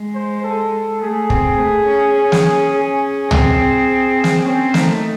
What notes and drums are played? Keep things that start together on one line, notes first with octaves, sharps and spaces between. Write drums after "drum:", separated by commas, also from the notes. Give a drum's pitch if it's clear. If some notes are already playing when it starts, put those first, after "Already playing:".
Already playing: G#3
C5
A4
A3 G#4
C4, drum: kick
A3
C#4
C#4
drum: snare
G#4
C4, drum: tom
drum: snare
C4 C#4
A3 D#4, drum: snare